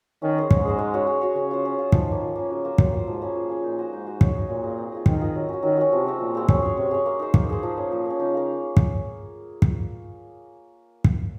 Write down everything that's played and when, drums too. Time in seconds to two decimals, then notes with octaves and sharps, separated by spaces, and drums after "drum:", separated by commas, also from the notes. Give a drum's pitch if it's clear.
0.22 D#3 C#4
0.37 G#4 C5 D#5
0.51 G#2 C#4, drum: kick
0.65 G#4 C5 D#5
0.78 G#3
0.94 C#4 F#4 C#5
1.07 G#3
1.21 C#4 F#4 C#5
1.35 C#3 C#4
1.51 F4 C5
1.65 C#4
1.79 F4 C5
1.92 D#3 F3, drum: kick
2.07 A#3 C#4
2.21 F3
2.36 A#3 C#4
2.50 C#3 F#3
2.64 A#3 F4 C5
2.78 A#2 F#3, drum: kick
2.92 A#3 F4 C5
3.06 G#2 F3
3.21 A#3 C#4 G#4
3.35 A#2 F3
3.49 A#3 C#4 G#4
3.63 A#2 D#4
3.79 F#4 C5 D#5
3.93 G#2 D#4
4.07 F#4 C5 D#5
4.21 C#4, drum: kick
4.36 G#4 D#5
4.49 A#2 C#4
4.64 G#4 D#5
4.78 C4
4.92 F4 G#4 D#5
5.06 D#3 C4, drum: kick
5.21 F4 G#4 D#5
5.35 F#3
5.49 C#4 F#4
5.63 D#3 F#3
5.77 C#4 F#4
5.92 C3 F3
6.06 G#3 C4 F#4
6.20 A#2 F3
6.35 G#3 C4 F#4
6.49 C#4, drum: kick
6.62 G#4 C#5
6.77 C3 C#4
6.91 G#4 C#5
7.06 A#3
7.19 D#4 G#4 C5
7.34 A#3, drum: kick
7.49 D#4 G#4 C5
7.63 F3
7.77 A#3 C#4
7.91 A#2 F3
8.05 A#3
8.10 C#4
8.20 C#3 D#4
8.34 A#4 F5
8.77 drum: kick
9.62 drum: kick
11.05 drum: kick